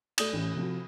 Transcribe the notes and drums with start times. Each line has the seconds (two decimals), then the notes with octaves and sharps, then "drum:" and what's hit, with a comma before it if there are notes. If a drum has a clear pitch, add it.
0.18 A3 D5 D#6, drum: cymbal
0.33 A1 C#4
0.56 C3 F3 F#4